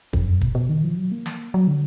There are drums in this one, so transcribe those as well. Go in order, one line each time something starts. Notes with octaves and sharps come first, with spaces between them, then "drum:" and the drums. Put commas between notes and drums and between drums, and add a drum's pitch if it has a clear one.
F2, drum: kick
F#2
B2, drum: kick
B2
D#3
F3
F#3
A#3
drum: snare
F#3
D3